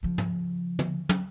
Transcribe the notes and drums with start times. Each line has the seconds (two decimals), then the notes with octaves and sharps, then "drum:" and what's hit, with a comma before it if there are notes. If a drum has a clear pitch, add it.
0.03 C#3 F3
0.18 drum: tom
0.79 drum: tom
1.09 drum: tom